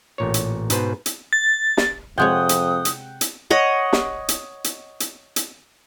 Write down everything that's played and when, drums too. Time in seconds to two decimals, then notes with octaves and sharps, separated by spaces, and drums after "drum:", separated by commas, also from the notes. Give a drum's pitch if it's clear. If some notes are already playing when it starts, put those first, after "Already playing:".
0.18 A1 A#2 C#5
0.34 drum: hi-hat
0.70 G#2 B2 B4 C5, drum: hi-hat
1.06 drum: hi-hat
1.33 A6
1.77 drum: snare
2.18 F2 C3 G#3 C#5 F#5 G5 D#6
2.49 drum: hi-hat
2.85 drum: hi-hat
3.21 drum: hi-hat
3.50 C#5 D#5 F#5
3.93 drum: snare
4.29 drum: hi-hat
4.64 drum: hi-hat
5.00 drum: hi-hat
5.36 drum: hi-hat